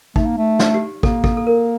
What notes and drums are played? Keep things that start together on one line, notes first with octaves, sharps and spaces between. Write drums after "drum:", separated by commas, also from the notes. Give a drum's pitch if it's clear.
A3 D#4, drum: kick
A#3
A3
drum: snare
G4
A#3 A4, drum: kick
A4, drum: kick
A4
A#4